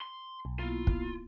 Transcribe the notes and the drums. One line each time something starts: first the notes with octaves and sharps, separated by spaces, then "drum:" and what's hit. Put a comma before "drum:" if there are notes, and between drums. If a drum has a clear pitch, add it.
C6
B1
A#3 B3 E4 F4
drum: kick